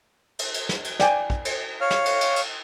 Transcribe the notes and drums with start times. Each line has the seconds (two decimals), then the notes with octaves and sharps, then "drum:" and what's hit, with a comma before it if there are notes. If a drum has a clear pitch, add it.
0.39 drum: cymbal
0.54 drum: cymbal
0.69 drum: snare
0.84 drum: cymbal
1.00 D5 G5 G#5, drum: snare
1.30 drum: kick
1.45 drum: cymbal
1.81 C#5 F5 F6
1.91 drum: snare
2.06 drum: cymbal
2.21 drum: cymbal
2.36 drum: cymbal